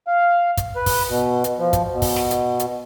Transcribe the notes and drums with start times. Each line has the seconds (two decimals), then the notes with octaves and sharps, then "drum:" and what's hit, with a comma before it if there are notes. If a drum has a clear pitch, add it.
0.07 F5
0.57 drum: kick, hi-hat
0.76 B4
0.86 drum: kick, open hi-hat
1.09 B2
1.44 drum: hi-hat
1.58 F3
1.73 drum: kick, hi-hat
1.92 B2
2.02 drum: kick, open hi-hat
2.16 drum: snare
2.31 drum: hi-hat
2.60 drum: hi-hat